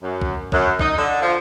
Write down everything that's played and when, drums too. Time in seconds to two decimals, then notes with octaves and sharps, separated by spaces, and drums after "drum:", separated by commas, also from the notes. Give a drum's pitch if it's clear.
0.02 F#2
0.21 drum: kick
0.52 F#2, drum: kick
0.79 D#4, drum: kick
0.97 D3
1.21 F3